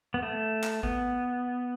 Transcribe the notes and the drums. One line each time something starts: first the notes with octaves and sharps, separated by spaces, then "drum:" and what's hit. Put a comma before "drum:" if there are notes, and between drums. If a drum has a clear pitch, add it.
B3
A3
drum: clap
B3, drum: kick A1